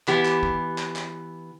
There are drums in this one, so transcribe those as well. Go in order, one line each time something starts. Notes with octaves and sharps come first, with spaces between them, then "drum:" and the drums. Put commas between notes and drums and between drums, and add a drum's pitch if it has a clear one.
E3 B3 G4, drum: clap
drum: clap
drum: kick
drum: clap
drum: clap